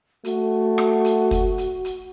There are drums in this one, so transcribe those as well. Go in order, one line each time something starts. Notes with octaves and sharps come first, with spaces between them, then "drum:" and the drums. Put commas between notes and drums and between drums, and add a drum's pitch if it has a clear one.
A3 F#4, drum: hi-hat
drum: rim click
drum: hi-hat
drum: kick, hi-hat
drum: hi-hat
drum: hi-hat